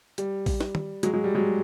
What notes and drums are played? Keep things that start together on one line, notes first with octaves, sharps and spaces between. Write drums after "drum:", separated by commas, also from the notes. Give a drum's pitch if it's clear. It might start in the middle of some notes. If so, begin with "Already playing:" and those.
G3, drum: hi-hat
drum: kick A#1, open hi-hat
drum: snare
drum: tom
F#3 G#3, drum: hi-hat
F#3 G#3
G3
F#3 G#3